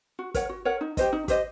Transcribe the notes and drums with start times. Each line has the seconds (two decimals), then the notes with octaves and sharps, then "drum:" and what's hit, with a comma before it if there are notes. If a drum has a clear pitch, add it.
0.19 F#4
0.34 A#4 C#5 F#5, drum: kick, hi-hat
0.49 F#4
0.65 A#4 C#5 F#5
0.81 D#4
0.97 G4 C5 D#5, drum: kick, hi-hat
1.13 D#4
1.28 G4 C5 D#5, drum: kick, hi-hat